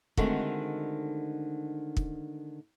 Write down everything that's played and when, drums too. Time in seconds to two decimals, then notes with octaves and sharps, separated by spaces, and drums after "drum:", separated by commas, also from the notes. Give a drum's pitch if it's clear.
0.17 D3 D#3 G#3 A3 C4 F#4, drum: kick
1.97 drum: kick